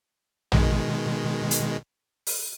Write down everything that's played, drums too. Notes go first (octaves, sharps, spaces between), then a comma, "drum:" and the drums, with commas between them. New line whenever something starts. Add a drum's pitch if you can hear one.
B2 D#3 G#3, drum: tom
drum: hi-hat
drum: open hi-hat